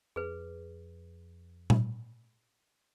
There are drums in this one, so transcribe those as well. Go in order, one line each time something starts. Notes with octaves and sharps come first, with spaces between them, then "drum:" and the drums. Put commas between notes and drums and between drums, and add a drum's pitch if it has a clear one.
F2 G#4 B4
drum: tom A#2